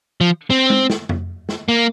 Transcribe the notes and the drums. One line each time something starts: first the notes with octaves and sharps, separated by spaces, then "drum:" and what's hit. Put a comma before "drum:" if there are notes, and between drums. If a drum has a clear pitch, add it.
F3
C4
drum: tom G#3
drum: snare
drum: tom F2
drum: snare
A#3